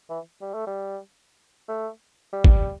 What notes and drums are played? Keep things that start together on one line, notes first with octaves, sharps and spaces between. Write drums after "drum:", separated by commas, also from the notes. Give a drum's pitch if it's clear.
E3
G3
A3
G3
A3
G3
drum: kick